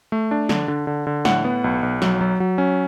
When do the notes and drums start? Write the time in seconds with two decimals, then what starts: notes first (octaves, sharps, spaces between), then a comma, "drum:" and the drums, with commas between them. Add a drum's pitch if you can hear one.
0.12 A3
0.31 D4
0.49 D3, drum: snare
0.68 D3
0.87 D3
1.07 D3
1.25 A2 F#5, drum: snare
1.45 B3
1.64 B1
1.83 B1
2.02 F#3, drum: snare
2.21 F#3
2.40 F#3
2.58 C#4